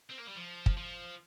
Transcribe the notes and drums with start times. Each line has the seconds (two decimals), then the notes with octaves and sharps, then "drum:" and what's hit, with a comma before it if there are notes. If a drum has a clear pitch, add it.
0.10 C4
0.19 A#3
0.27 G3
0.36 F3
0.66 drum: kick
0.77 F3